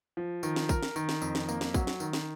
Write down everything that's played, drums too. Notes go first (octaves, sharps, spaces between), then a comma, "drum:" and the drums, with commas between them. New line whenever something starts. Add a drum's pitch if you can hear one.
F3
D#3, drum: tambourine
drum: snare
A#4, drum: kick, tambourine
drum: snare
D#3, drum: tambourine
drum: snare
F2, drum: tambourine
drum: snare
A#3, drum: tambourine
drum: snare
F#3, drum: kick, tambourine
drum: snare
D#3, drum: tambourine
drum: snare